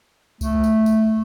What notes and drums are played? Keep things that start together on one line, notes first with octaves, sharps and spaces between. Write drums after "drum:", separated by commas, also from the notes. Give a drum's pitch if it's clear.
A3, drum: kick C#2, tambourine
drum: tambourine
drum: tambourine